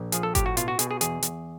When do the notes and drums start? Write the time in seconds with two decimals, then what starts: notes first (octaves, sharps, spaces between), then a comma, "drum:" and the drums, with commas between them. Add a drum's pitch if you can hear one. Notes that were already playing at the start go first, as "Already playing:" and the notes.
Already playing: A#1
0.12 F3 G#4, drum: hi-hat
0.23 A4
0.35 A2 G4, drum: kick G1, hi-hat
0.46 F#4
0.57 B2 F4, drum: hi-hat
0.68 F#4
0.79 B2 G#4, drum: hi-hat
0.91 G#4
1.01 E2 G#4, drum: hi-hat
1.23 E2, drum: hi-hat